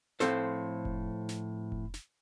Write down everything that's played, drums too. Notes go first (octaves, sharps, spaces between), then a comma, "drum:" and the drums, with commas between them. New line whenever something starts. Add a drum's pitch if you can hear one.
A2 F3 C4 A4 C5, drum: snare
drum: kick F1
drum: snare
drum: kick F1
drum: snare